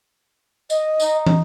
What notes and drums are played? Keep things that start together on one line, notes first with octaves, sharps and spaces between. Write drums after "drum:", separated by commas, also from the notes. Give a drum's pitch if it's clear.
D#5, drum: tambourine
D#4, drum: tambourine
drum: tom